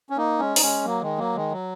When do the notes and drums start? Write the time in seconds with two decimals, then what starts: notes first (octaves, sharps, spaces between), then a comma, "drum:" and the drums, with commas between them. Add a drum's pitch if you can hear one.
0.10 C#4
0.17 A#3 D#4
0.39 G#3 C#4
0.56 D#4, drum: open hi-hat
0.62 G#3 C#4
0.85 F#3 A#3
1.02 D#3 G#3
1.18 F#3 A#3
1.35 D#3 G#3
1.52 F#3